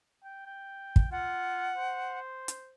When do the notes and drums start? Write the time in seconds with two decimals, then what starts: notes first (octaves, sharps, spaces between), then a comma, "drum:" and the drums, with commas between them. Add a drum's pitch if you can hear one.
0.24 G5
0.46 G5
0.96 drum: kick
1.12 F4 F#5
1.76 C5
2.48 drum: hi-hat